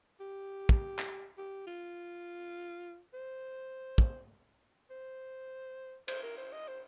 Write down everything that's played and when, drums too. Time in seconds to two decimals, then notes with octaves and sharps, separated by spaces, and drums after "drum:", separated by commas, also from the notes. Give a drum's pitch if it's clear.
0.20 G4
0.69 drum: kick
0.99 drum: clap
1.38 G4
1.67 F4
3.14 C5
3.98 drum: kick
4.90 C5
6.08 C5, drum: cymbal
6.23 A#4
6.37 C5
6.53 D#5
6.68 C5